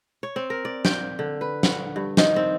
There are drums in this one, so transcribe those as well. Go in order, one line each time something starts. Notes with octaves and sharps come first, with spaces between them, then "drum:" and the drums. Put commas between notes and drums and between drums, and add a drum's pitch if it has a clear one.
C#5
C4
A#4
D5
G5, drum: snare
D3
B4
F#5, drum: snare
G2
D#3, drum: snare
C4